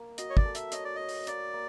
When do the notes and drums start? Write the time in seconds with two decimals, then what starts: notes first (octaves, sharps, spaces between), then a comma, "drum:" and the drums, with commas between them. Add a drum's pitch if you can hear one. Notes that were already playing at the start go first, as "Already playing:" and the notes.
Already playing: A#3
0.18 F#4 D#5, drum: hi-hat
0.30 C#5
0.37 D5, drum: kick
0.45 A4
0.55 E5, drum: hi-hat
0.72 C#5 D#5, drum: hi-hat
0.85 D5
0.95 C#5 D#5
1.09 drum: open hi-hat
1.27 A#3 D5, drum: hi-hat
1.54 A#3